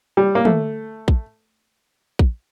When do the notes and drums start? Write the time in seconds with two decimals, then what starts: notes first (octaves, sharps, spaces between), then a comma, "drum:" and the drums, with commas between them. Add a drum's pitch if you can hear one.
0.17 G3
0.35 A#3
0.45 A3, drum: tom
1.08 drum: kick
2.19 drum: kick